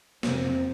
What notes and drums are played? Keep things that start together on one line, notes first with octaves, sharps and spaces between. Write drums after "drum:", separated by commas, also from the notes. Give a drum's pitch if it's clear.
F2 C3 F3 C4, drum: snare